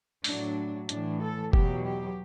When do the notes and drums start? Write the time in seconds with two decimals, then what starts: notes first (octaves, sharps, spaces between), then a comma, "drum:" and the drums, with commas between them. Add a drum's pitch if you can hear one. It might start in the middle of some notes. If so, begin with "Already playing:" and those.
0.24 A2 F#3 D4, drum: open hi-hat
0.89 A2 E3 D4, drum: hi-hat
1.21 A4
1.53 E2 B2 F#3 G4, drum: kick F#1
1.86 G4